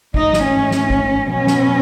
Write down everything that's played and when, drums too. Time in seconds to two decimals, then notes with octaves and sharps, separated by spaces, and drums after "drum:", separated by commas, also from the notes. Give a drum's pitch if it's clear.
0.14 G#2 E3 A3 D#4, drum: kick G#1
0.33 drum: snare
0.43 C#4
0.71 drum: snare
0.90 drum: kick G#1
1.28 B2 F#3 B3 C#4
1.47 drum: snare